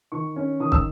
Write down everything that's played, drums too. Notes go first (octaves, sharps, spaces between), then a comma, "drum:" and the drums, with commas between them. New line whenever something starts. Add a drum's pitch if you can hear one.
D#3 C#6
C#4
D#3 D#6
E6, drum: kick